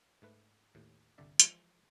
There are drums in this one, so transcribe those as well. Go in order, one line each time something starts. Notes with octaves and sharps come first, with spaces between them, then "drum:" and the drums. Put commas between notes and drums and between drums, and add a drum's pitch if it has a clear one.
G#2 A3 B4
D#2 A2
G1 C2 D3 D5 E5
E3 F3 G#3 F4, drum: hi-hat